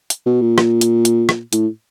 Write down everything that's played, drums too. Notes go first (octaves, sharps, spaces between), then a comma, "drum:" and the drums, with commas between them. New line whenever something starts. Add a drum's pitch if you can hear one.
drum: hi-hat
B2
A#2
drum: rim click
drum: hi-hat
drum: hi-hat
drum: rim click
A2, drum: hi-hat